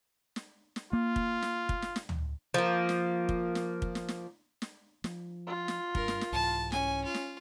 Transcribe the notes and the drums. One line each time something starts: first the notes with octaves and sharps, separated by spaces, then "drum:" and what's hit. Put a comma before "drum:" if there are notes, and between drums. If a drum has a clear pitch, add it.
drum: snare
drum: snare
A#3 F4
drum: kick
drum: snare
drum: kick
drum: snare
drum: snare
drum: tom
F3 A#3
drum: snare
drum: kick
drum: snare
drum: kick
drum: snare
drum: snare
drum: snare
F3, drum: snare
F4
drum: snare
G2 A#4, drum: kick
drum: snare
drum: snare
C2 G#2 E3 A5
C#4 G#5, drum: snare
F4
drum: snare